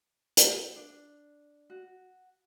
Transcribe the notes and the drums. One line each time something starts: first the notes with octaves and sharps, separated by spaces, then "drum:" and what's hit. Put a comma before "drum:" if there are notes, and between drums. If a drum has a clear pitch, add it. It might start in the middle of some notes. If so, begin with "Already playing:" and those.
drum: hi-hat
D4
F#4